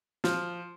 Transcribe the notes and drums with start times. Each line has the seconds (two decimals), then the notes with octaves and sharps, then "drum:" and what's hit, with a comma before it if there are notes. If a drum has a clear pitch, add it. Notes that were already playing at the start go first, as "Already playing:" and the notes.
0.24 F3, drum: snare